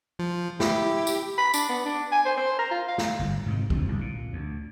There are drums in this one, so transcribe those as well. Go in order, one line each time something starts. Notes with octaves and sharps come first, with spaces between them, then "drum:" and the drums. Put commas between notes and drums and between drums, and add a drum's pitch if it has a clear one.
F3
E4 G4, drum: snare
drum: tambourine
B5
D4, drum: tambourine
B3
D4
G#5
C5
C5
A#5
F4
F5
drum: snare
G1 G#2
G#2 C3 D#3
E1 F2 D3 F3, drum: kick
G1 C2
A#2
D2